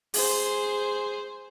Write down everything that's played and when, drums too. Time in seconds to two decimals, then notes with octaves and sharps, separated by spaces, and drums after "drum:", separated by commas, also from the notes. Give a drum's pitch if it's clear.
0.14 G#4 C5, drum: open hi-hat